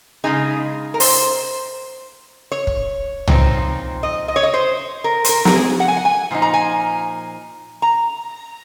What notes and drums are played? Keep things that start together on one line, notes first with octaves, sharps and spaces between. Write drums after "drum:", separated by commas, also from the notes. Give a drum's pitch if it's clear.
C#3 G#3 D#4 G#4
A#4
C5, drum: open hi-hat
C#5
drum: kick
A#2 F3 C4 D#4, drum: tom
D#5
D#5
C#5
D#5
C5
A#4
C5, drum: hi-hat
A#4
A#4, drum: snare
G#4
F#5
G#5
F#5
G#5
A#2 F3 D#4
A#5
G#5
A#5